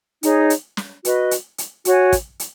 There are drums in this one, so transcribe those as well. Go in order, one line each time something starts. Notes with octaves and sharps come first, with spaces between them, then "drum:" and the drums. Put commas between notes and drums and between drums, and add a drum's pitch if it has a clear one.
D#4 G#4 C#5, drum: hi-hat
drum: hi-hat
drum: snare
F#4 B4 D#5, drum: hi-hat
drum: hi-hat
drum: hi-hat
F#4 C#5 G#5, drum: hi-hat
drum: kick, hi-hat
drum: hi-hat